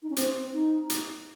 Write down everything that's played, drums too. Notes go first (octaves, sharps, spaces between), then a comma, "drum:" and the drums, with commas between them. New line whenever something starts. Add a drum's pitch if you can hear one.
D#4
C#4
C4, drum: hi-hat
D#4
drum: hi-hat